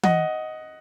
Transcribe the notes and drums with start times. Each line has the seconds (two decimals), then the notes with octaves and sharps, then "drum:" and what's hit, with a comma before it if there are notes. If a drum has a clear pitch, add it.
0.03 D#5 F#5, drum: tom E3